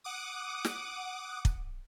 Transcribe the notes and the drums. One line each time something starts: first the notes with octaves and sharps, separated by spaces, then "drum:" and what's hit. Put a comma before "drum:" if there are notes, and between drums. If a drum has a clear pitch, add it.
F#5 D6 D#6
drum: snare
drum: kick